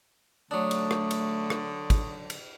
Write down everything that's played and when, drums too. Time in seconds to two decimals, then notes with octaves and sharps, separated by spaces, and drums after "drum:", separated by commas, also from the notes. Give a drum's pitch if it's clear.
0.51 D3 F#3 A3 D4 C#6 D#6
0.71 drum: cymbal
0.91 drum: rim click
1.11 drum: cymbal
1.50 drum: rim click
1.90 drum: kick, cymbal
2.30 drum: cymbal